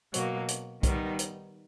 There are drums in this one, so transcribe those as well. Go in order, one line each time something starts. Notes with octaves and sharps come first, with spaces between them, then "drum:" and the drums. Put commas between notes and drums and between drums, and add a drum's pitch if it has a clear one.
B2 F#3 A#3, drum: hi-hat
drum: hi-hat
D#3 G3 B3 D#4, drum: kick B1, hi-hat
drum: hi-hat